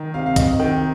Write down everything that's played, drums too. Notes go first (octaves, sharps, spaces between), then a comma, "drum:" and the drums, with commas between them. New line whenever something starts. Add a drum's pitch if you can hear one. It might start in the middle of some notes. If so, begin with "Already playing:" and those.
Already playing: D#3
C3 F5
F5
D#5, drum: kick, hi-hat
D#3 G5